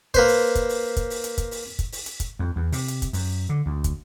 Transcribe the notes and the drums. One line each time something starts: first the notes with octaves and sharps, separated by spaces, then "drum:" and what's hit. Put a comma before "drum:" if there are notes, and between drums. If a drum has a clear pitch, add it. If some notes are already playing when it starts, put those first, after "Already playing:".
A#3 B4 C5, drum: kick, hi-hat
drum: open hi-hat
drum: kick, hi-hat
drum: open hi-hat
drum: kick, hi-hat
drum: open hi-hat
drum: hi-hat
drum: kick, hi-hat
drum: open hi-hat
drum: kick, hi-hat
drum: open hi-hat
drum: hi-hat
drum: kick, hi-hat
F2
E2
C3, drum: open hi-hat
drum: hi-hat
drum: kick, hi-hat
F#2, drum: open hi-hat
D3
D2
drum: kick, hi-hat